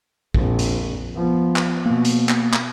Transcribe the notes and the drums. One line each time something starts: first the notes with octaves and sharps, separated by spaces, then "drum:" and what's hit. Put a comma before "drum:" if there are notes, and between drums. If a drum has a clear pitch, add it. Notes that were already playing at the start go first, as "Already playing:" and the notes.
A#1 F2, drum: kick
drum: hi-hat
F3 B3
drum: clap
B2 A#3
drum: hi-hat
drum: clap
drum: clap